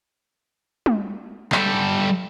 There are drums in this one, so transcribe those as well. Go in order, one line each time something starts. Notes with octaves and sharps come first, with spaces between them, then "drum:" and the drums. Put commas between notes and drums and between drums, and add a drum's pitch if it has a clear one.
drum: tom
G3 A4, drum: clap